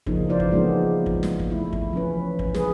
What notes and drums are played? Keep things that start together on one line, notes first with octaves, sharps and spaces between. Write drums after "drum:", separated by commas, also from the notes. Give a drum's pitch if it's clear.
C#3 F3 A#3 D#4, drum: kick
E3 F4 C5 D5
drum: kick
F3 G#3 A#3 B3 D#4
drum: kick
drum: snare
drum: kick
A3 E4
drum: kick
E3 F3 C#4 B4
drum: kick
G#4 B4, drum: snare